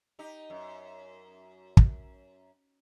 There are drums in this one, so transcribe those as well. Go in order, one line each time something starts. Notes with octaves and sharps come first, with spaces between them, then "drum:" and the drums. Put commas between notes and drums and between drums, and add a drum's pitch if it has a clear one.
D#4 G4
F#2
drum: kick